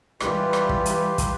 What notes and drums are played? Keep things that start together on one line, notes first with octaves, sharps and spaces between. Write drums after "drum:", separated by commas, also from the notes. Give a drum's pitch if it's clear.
E3 G3 F4 G4 B4, drum: rim click
drum: rim click
drum: kick
drum: hi-hat
drum: kick, hi-hat